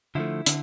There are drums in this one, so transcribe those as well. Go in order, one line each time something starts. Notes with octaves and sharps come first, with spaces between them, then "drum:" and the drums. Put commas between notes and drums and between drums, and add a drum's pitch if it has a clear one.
D3 F3 A3 E4
D3, drum: hi-hat